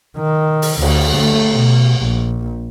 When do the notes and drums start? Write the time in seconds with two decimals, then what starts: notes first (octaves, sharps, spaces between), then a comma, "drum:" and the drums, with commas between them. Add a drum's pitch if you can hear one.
0.18 D#3
0.62 drum: open hi-hat
0.82 D2, drum: cymbal
1.17 A3
1.52 B2
2.00 A#1